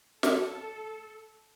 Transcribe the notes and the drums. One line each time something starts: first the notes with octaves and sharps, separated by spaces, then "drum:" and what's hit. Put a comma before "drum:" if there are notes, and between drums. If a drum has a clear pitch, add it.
A4, drum: snare